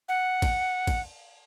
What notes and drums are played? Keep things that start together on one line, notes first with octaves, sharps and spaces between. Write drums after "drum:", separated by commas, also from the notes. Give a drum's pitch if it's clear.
F#5
drum: kick A1, cymbal
drum: kick A1, cymbal